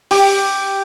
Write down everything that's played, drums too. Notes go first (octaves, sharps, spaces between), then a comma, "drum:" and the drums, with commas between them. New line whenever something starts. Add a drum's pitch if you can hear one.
G4, drum: open hi-hat